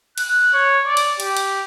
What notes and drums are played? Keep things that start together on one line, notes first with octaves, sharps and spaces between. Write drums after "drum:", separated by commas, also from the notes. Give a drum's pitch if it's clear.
F#6, drum: cymbal
C#5
D5
drum: cymbal
G4, drum: cymbal
drum: cymbal